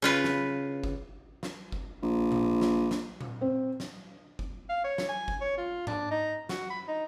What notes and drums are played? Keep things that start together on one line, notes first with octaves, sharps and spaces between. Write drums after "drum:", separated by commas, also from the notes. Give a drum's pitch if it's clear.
C#3 F4 B4
drum: snare
drum: kick F#1
drum: snare
drum: kick F#1
A#1
drum: tom A#2
drum: snare
drum: snare
drum: tom A#2
C4
drum: snare
drum: kick F#1
F5
C#5
drum: snare
G#5
drum: kick F#1
C#5
F4
D4, drum: tom G#2
D#4
F#4, drum: snare
B5
D#4